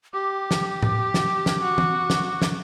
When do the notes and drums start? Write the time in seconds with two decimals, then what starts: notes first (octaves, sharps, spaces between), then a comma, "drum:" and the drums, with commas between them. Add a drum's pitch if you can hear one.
0.13 G4 D6
0.51 drum: snare
0.83 drum: tom A2
1.14 drum: snare
1.46 drum: snare
1.62 F#4
1.78 drum: tom E3
2.10 drum: snare
2.42 drum: snare